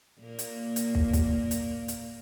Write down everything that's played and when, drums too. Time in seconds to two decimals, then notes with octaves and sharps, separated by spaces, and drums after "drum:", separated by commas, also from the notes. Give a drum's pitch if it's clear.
0.20 A#2 A#3
0.39 drum: hi-hat
0.76 drum: hi-hat
0.95 drum: kick
1.13 drum: kick, hi-hat
1.51 drum: hi-hat
1.88 drum: hi-hat